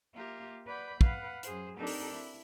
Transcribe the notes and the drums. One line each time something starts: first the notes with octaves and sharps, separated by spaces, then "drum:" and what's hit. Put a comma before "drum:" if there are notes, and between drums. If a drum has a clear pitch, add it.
A#3 F4 G4 A#4 E5
B4 D5 F#5 B5 G6
B4 F5 F#5, drum: kick
F#2 G#4 C5, drum: hi-hat
C4 D4 D#4 G4 A4 A#4
drum: open hi-hat
E4